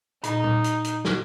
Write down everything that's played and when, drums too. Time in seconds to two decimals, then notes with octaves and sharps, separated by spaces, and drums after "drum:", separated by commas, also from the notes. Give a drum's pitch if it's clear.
0.24 A#2 D#4, drum: hi-hat
0.44 drum: tom
0.64 drum: hi-hat
0.84 drum: hi-hat
1.05 drum: snare